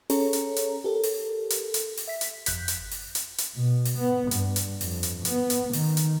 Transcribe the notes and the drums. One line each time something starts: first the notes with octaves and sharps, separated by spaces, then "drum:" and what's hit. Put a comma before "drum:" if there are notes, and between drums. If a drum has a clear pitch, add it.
C#4 G#4 A4 C#5 A#5, drum: open hi-hat
drum: hi-hat
drum: hi-hat
G4 A4 A#4
drum: open hi-hat
drum: hi-hat
drum: hi-hat
drum: open hi-hat
E5 B6
drum: hi-hat
G1 F2 F#6 G6 B6, drum: hi-hat
drum: hi-hat
drum: open hi-hat
drum: hi-hat
drum: hi-hat
B2
drum: open hi-hat
B3
G2, drum: hi-hat
drum: hi-hat
F2, drum: open hi-hat
drum: hi-hat
B3, drum: hi-hat
drum: hi-hat
D#3, drum: open hi-hat
drum: hi-hat